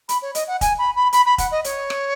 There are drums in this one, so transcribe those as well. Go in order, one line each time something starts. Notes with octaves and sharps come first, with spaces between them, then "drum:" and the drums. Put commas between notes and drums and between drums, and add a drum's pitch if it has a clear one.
B5, drum: hi-hat
C#5
D#5, drum: hi-hat
F#5
G#5, drum: kick, hi-hat
B5
B5
B5, drum: hi-hat
B5
F#5, drum: kick, hi-hat
D#5
C#5, drum: hi-hat
drum: rim click